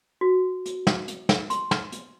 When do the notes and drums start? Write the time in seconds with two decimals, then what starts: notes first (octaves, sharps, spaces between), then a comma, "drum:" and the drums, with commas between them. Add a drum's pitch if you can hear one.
0.21 F#4
0.66 drum: hi-hat
0.87 drum: snare
1.08 drum: hi-hat
1.29 drum: snare
1.50 C6, drum: hi-hat
1.71 drum: snare
1.92 drum: hi-hat